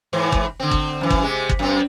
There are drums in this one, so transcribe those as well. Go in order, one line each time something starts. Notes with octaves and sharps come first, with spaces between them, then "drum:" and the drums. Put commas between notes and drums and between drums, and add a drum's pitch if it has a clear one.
G#2 E3 C5
drum: kick
D3 C4
drum: kick
F#2 E3
drum: kick
C3 G#3
drum: kick
F#2 C4